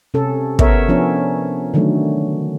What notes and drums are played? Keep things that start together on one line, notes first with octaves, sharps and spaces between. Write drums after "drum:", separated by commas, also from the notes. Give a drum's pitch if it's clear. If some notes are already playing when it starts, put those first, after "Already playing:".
C3 C#4 A4
B3 A4 A#4 C#5 E5, drum: kick
F3 B3 C#4 D4
D3 D#3 F#3 A3